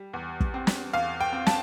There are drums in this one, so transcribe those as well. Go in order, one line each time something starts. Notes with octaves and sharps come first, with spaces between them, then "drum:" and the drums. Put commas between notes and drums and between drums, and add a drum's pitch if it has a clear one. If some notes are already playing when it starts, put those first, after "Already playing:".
Already playing: G3
E2
drum: kick
C4
drum: snare
E2 F5
G5
C4
A5, drum: snare